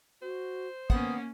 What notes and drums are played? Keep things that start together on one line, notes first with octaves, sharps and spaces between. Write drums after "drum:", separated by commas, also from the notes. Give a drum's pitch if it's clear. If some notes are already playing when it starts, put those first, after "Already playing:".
F#4 C5
D#3 A#3 B3 C#4 F#5 D#6, drum: kick